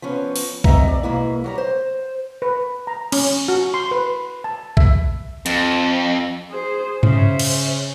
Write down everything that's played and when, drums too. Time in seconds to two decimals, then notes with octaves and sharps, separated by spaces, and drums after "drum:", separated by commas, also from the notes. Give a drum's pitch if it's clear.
0.02 F3 B3 C#4
0.36 drum: open hi-hat
0.64 D2 C4 D#5 E5 A#5, drum: kick B1
0.88 D5
1.03 B2 G#3 A#3 E4
1.44 F#3 G3 A#5
1.58 C5
2.42 B4
2.87 A#5
3.12 C#4, drum: cymbal
3.48 F#4
3.74 C6
3.91 B4
4.44 A5
4.77 E5, drum: kick B1
5.46 F2, drum: hi-hat
6.50 G#4 C5
7.03 C#3 C5 E5, drum: tom G2
7.39 drum: cymbal